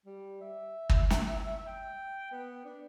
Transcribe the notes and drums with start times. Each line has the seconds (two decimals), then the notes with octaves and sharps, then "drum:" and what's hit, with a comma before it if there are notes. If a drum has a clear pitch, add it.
0.06 G3
0.41 E5
0.89 drum: kick
1.10 drum: snare
1.66 G5
2.32 B3
2.65 D4